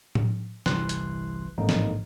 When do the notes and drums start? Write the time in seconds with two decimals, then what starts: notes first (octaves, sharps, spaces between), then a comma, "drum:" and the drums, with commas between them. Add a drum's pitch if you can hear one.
0.15 drum: tom A2
0.66 G1 C2 E3 C6 F#6, drum: snare
0.89 drum: hi-hat
1.58 A1 F2 G#2 D3 A#3 D#4
1.69 drum: snare